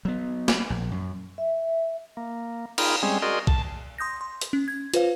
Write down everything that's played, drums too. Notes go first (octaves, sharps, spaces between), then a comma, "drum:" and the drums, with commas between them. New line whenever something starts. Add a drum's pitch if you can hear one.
F#3 B3
drum: snare
A#1
F#2
E5
A#3
D#4 F4 G#4 A#4 G5 B5, drum: cymbal
G3 G#3 C4 C#4 G#4
F#4 G#4 A#4 D5 D#5 C6
A5, drum: kick A#1
C6 D#6 G6 A#6
C6
drum: hi-hat
C#4
G#6
F4 B4 C5 F5, drum: hi-hat